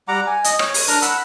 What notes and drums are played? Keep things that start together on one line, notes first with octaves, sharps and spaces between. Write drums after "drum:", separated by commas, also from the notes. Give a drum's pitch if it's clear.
G3 F#5 A#5 D6
G#5
D#5, drum: hi-hat
C#5, drum: rim click
drum: open hi-hat
D4 A#4 A#5, drum: hi-hat
F#5 B5 E6, drum: hi-hat